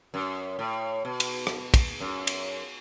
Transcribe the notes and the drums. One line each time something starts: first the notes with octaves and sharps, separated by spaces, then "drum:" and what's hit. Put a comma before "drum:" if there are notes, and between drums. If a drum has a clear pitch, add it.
F#2
A2
B2
drum: cymbal
drum: rim click
drum: kick, cymbal
F#2
drum: cymbal